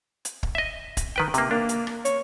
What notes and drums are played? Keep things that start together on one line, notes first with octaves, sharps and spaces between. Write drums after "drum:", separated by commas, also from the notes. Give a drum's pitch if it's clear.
drum: hi-hat
drum: kick
D#5 E5
drum: kick, hi-hat
D#3 B4 G5
C3 A#3, drum: hi-hat
A#3 D4
drum: hi-hat
drum: rim click
C#5, drum: hi-hat